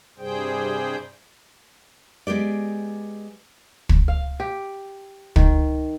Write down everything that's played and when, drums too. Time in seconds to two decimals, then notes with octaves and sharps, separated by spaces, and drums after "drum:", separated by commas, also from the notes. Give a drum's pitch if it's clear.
0.18 G2 C3 G3 G#4 C5 G5
2.27 G#3 B3 G4 D5
3.89 drum: kick
4.08 F5
4.40 G4
5.36 D#3, drum: kick